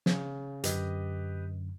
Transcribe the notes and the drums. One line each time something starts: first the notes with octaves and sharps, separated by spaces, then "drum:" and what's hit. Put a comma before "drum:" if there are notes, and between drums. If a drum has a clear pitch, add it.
C#3, drum: snare
F#2 D3 G4 B4 D#5, drum: hi-hat